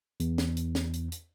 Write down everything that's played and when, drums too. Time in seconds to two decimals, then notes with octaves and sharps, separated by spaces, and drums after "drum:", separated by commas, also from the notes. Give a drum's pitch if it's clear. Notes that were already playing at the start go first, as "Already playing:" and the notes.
0.20 E2, drum: hi-hat
0.38 drum: snare
0.57 drum: hi-hat
0.75 drum: snare
0.93 drum: hi-hat
1.12 drum: hi-hat